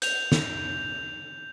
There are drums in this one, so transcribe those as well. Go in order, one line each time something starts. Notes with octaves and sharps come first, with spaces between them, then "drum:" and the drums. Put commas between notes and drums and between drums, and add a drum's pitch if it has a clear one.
G6 F7, drum: hi-hat
drum: snare